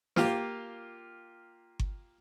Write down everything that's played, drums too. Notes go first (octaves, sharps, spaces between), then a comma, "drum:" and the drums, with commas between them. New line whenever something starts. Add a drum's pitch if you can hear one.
A#3 F4 G4, drum: snare
drum: kick G1